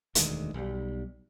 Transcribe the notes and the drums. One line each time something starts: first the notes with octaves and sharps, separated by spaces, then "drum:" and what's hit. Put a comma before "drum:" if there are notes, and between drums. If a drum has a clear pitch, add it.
E1 D2 D#3 G#3, drum: hi-hat
B1 G3